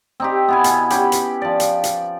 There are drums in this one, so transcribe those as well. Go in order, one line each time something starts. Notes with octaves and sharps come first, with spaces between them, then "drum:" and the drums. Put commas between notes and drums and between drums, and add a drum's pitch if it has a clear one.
C4 D#4 G4
B3 E4 G#5
B2, drum: hi-hat
C#4 G4 B5, drum: hi-hat
drum: hi-hat
F3 D5
drum: hi-hat
drum: hi-hat